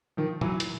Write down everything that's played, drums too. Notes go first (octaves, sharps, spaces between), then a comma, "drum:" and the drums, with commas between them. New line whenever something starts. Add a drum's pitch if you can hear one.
D#3 F3
E3 F#3, drum: tom
drum: hi-hat